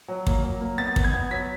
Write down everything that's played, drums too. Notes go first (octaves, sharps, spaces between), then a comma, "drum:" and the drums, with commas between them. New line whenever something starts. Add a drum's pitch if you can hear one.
F#3
A#3, drum: kick
F#3
A#3
B3 A6
B3, drum: kick
G#6
B3
F#3 B6